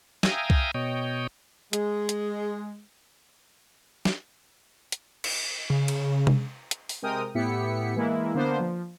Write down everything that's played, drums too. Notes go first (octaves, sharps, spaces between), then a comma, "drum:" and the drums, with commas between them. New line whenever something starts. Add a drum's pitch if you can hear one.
E5 F5 G5 G#5 A#5 D#6, drum: snare
drum: kick C2
B2 C#5 D#5 G5
G#3, drum: hi-hat
drum: hi-hat
drum: snare
drum: hi-hat
drum: cymbal
C#3
drum: cymbal
drum: tom C3
drum: hi-hat
drum: open hi-hat
C3 G#3 A#4 G5 D#6 F6
A2 B3 E4 G4 B6 C#7
E3 G#3 A#3 E4
D3 A#3 B3 D4 C5
F3